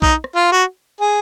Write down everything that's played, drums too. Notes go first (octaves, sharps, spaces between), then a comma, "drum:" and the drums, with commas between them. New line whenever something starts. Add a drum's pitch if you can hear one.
D#4, drum: kick B1
drum: rim click
F4
F#4
G#4